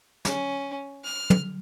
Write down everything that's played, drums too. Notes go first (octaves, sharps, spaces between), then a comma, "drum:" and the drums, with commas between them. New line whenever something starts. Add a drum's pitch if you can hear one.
C#4, drum: snare
F6
drum: tom